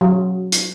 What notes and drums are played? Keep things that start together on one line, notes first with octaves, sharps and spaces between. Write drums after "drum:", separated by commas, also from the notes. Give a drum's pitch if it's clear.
F#3
drum: hi-hat